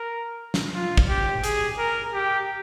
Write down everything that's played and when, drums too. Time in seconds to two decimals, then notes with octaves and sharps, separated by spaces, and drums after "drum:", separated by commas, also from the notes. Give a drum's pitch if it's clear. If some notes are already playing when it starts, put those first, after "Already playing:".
Already playing: A#4
0.54 drum: snare
0.74 F4
0.97 drum: kick
1.09 G4
1.44 G#4, drum: hi-hat
1.79 A#4
2.14 G4